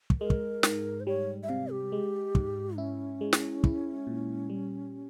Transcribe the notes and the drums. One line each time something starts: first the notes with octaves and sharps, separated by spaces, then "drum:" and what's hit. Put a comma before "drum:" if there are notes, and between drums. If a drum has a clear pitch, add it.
drum: kick
G#3 A#4
drum: kick
G#2, drum: snare
C5
G3 C#5
E5
C3 F5
G4
G#3
G#2, drum: kick
C#4 E4
G#3
drum: snare
E4, drum: kick
A#2
G3